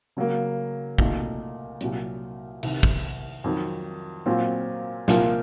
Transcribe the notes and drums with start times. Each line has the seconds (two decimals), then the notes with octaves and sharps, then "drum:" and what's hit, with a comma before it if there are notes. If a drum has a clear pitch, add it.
0.17 C#3 F#3 A#3
0.98 C2 A#2 A3 D#4 F#4, drum: kick
1.81 C2 A#2 F#3, drum: hi-hat
2.63 C2 C3 D#3, drum: cymbal
2.83 drum: kick
3.44 F2 D#3 F#3
4.26 A#2 F#3 C4 F4
5.08 C2 A#2 F3 A#3 F4, drum: snare